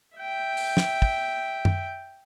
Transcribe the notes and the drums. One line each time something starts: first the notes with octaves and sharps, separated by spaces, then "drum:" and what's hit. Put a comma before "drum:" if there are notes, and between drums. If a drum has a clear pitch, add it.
E5 G5
drum: open hi-hat
drum: snare
drum: kick
drum: tom F#2